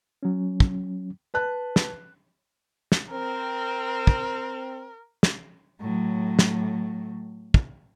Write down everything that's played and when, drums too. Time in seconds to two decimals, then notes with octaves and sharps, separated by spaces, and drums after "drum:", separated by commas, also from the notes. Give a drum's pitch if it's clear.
0.23 F#3 C#4
0.60 drum: kick
1.34 B4 A5 F#6
1.76 drum: snare
2.92 drum: snare
3.11 C4 A#4
4.07 drum: kick
5.23 drum: snare
5.81 A2 F#3
6.39 drum: snare
7.54 drum: kick